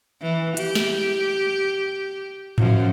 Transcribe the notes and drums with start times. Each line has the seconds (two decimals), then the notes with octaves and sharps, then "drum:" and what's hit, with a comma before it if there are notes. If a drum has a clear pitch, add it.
0.21 E3
0.57 G4, drum: hi-hat
0.75 drum: snare
2.58 F#2 F3, drum: tom G#2